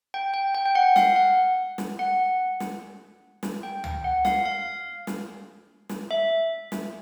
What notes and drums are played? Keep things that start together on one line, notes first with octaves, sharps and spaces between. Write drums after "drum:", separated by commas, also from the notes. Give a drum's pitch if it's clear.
G5
G5
G5
G5
F#5
F5, drum: snare
F#5
drum: snare
F#5
drum: snare
drum: snare
G5
drum: tom
F#5
F5, drum: snare
F5
drum: snare
drum: snare
E5
drum: snare